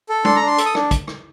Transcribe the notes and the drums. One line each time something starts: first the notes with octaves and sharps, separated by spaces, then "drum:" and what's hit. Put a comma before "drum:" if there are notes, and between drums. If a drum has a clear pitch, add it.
A4
D4 C6, drum: tom G#3
A#5
D4
C6
A4, drum: hi-hat
D#6
D4, drum: rim click
drum: kick, hi-hat
drum: rim click